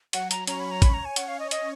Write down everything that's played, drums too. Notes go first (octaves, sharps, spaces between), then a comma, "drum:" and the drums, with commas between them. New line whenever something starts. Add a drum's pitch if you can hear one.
F#3 F#4 F#5, drum: hi-hat
A#5, drum: hi-hat
C#4 C#5 A#5, drum: hi-hat
B5
A#5
C#4 C#5 B5, drum: kick A1, hi-hat
A#5
G#5
C#4 C#5 F#5, drum: hi-hat
F5
D#5
D#5, drum: hi-hat